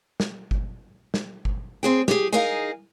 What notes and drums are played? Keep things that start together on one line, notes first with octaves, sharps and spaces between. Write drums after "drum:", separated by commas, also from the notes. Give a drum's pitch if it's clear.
drum: snare
drum: kick G1
drum: snare
drum: kick G1
C4 G#4 G5
G4 G#4, drum: snare
D#4 G#4 A#4 D#5 F5 G#5